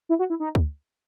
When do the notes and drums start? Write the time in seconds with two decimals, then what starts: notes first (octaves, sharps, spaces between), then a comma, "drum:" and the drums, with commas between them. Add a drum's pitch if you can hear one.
0.09 E4
0.19 F#4
0.30 E4
0.40 D#4
0.55 drum: kick D2